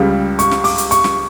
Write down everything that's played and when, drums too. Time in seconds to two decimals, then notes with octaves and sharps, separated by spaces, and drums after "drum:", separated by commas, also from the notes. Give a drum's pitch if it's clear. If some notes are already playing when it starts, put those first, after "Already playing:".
Already playing: C#2 C#3 G3
0.39 C#6, drum: hi-hat
0.51 drum: snare
0.64 D6, drum: open hi-hat
0.78 drum: hi-hat
0.91 C#6, drum: hi-hat
1.04 drum: snare